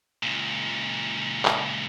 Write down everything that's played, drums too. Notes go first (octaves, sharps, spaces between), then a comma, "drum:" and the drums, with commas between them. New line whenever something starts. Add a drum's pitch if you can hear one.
C#2 A#2
drum: clap